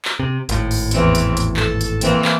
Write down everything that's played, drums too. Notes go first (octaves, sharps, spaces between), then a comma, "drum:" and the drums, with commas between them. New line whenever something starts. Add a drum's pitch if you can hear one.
drum: clap
C3
G#1 A2, drum: hi-hat
drum: open hi-hat
E2 E3 C4, drum: hi-hat
drum: hi-hat
drum: hi-hat
A4, drum: clap
drum: hi-hat
E3 A#3 C4, drum: hi-hat
drum: clap